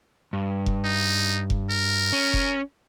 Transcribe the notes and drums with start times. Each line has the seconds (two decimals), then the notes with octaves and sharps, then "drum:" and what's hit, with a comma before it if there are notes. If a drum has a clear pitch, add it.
0.33 G2
0.66 drum: kick F1
0.85 D#4
1.50 drum: kick F1
1.70 A#4
2.13 C#4
2.33 drum: kick F1